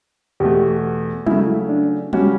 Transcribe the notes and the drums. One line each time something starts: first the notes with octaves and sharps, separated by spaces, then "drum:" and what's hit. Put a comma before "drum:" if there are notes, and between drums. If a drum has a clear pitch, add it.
E2 B2 A3 G4
C#3 F#3 A3 E4, drum: tom G3
D4
C#3 G3 C#4 F#4, drum: tom G3